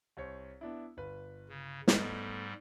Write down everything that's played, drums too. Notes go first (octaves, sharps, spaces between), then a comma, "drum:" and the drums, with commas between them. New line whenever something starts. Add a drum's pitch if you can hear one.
C2 C5 C#5
B3 D4 E4
G1 B4
C#3
G#2 G3 A3 B3 D#5, drum: snare